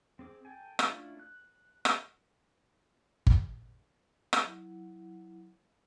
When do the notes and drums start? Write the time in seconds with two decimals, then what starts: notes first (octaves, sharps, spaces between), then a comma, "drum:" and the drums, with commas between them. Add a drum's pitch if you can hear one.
0.19 C4 G#4 D6
0.45 A4 G5 G#5
0.79 A3 C#4 D4 E4 F4, drum: rim click
1.20 F#6
1.85 drum: rim click
3.27 drum: kick G1
4.33 drum: rim click
4.44 F#3 E4 F#5